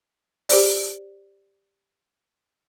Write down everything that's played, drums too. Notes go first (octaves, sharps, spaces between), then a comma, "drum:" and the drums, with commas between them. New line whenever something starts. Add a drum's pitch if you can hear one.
G4 C5 D5, drum: open hi-hat